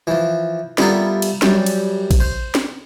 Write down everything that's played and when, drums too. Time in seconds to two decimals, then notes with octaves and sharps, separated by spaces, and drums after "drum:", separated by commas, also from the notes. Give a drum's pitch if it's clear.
0.07 E3 F3
0.78 G3 B3 E4 F4 A4 A#4, drum: snare
1.22 drum: cymbal
1.42 F#2 G3, drum: snare
1.66 drum: cymbal
2.11 drum: kick A1, cymbal
2.20 C5
2.55 drum: snare